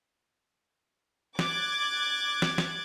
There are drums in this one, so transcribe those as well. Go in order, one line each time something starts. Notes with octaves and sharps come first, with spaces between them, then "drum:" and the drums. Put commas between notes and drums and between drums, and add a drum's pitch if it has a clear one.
D6 F#6 G#6 A6, drum: snare
drum: snare
drum: snare